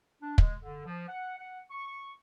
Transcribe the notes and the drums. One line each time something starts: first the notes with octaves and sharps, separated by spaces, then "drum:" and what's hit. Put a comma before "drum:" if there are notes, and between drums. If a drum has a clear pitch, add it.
D4
G#3, drum: kick
D3
F3
F#5
F#5
C#6